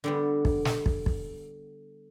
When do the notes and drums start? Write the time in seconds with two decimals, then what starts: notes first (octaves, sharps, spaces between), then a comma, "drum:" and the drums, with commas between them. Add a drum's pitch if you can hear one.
0.04 D3 G3 B3
0.45 drum: kick
0.65 drum: snare
0.86 drum: kick
1.06 drum: kick